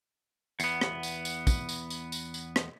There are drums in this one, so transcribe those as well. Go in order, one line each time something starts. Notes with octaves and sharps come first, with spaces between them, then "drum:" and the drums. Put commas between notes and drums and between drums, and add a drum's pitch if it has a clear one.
E2 B3, drum: tambourine
drum: rim click
drum: tambourine
drum: tambourine
drum: kick, tambourine
drum: tambourine
drum: tambourine
drum: tambourine
drum: tambourine
drum: rim click